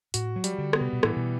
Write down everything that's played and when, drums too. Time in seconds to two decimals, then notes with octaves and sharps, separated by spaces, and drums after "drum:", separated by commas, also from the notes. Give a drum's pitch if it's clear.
0.14 A2 F#4, drum: hi-hat
0.36 F#3
0.44 G3, drum: hi-hat
0.58 D3
0.73 B3, drum: rim click
0.81 C3
0.93 B2
1.03 A2 E3, drum: rim click
1.16 B2